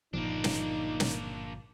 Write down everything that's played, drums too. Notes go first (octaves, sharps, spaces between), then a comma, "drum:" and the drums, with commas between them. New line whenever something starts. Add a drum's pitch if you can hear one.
G1 A#2 F3 A#3 D4 D#4
drum: snare
drum: snare